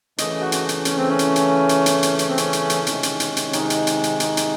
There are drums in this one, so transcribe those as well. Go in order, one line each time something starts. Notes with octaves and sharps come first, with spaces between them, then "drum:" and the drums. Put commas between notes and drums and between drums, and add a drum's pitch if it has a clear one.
C#3 E3 A3 D#5, drum: hi-hat
F#4
drum: hi-hat
drum: hi-hat
C#4, drum: hi-hat
C4
C#4
drum: hi-hat
drum: hi-hat
drum: hi-hat
drum: hi-hat
drum: hi-hat
C#4, drum: hi-hat
C4
C#4, drum: hi-hat
drum: hi-hat
drum: hi-hat
C3 D#3 G#3, drum: hi-hat
drum: hi-hat
drum: hi-hat
drum: hi-hat
D#4, drum: hi-hat
drum: hi-hat
drum: hi-hat
drum: hi-hat
D#4, drum: hi-hat
drum: hi-hat